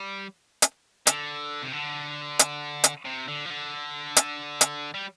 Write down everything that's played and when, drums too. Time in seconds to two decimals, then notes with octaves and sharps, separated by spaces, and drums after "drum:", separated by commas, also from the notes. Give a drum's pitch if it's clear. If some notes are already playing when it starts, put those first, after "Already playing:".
Already playing: G3
0.62 drum: hi-hat
1.07 D3, drum: hi-hat
1.63 C3
1.73 D3
2.39 drum: hi-hat
2.84 drum: hi-hat
3.05 C3
3.28 D3
3.46 F3
3.50 D3
4.16 drum: hi-hat
4.61 drum: hi-hat
4.94 G3